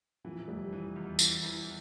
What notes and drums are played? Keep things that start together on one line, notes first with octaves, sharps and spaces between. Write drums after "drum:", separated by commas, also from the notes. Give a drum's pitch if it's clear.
E3 F3
F1 G3
E3
E2
E3, drum: tambourine
E3